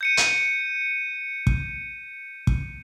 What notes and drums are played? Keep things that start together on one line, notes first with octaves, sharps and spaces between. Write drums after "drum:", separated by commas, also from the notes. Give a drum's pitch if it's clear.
G6 C#7 D#7
drum: hi-hat
drum: kick
drum: kick